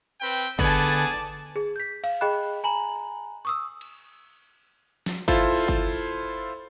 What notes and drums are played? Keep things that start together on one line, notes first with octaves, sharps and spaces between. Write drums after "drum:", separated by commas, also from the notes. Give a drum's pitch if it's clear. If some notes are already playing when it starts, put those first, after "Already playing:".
C4 B4 G5
D3 B3 G#4 D5 G#5 A5, drum: kick G1
G#4
G6 B6
F5, drum: cymbal
G#4 D#5 G5 B5 F#6
G#5 A#5 B5 F#7
C#6 D#6 E6
drum: cymbal
drum: snare
E4 F4 A4 C5, drum: kick G1
drum: kick G1